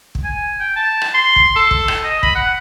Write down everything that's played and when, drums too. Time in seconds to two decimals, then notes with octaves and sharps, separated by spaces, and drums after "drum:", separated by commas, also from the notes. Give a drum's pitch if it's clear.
0.15 drum: kick
0.24 G#5
0.60 G5
0.76 A5
1.02 drum: rim click
1.14 C6
1.36 drum: kick
1.56 A4
1.71 drum: kick
1.88 drum: rim click
2.04 D#5
2.23 B5, drum: kick
2.35 F#5